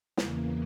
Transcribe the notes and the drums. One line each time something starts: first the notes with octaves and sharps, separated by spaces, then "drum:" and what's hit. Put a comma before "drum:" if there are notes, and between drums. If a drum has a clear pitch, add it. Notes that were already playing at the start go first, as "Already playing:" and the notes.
E2 C#3 E3 A#3, drum: snare